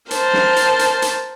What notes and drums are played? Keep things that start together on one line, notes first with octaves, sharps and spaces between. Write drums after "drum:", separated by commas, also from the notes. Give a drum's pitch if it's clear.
A#4 C5 A5, drum: hi-hat
drum: snare
drum: hi-hat
drum: hi-hat
drum: hi-hat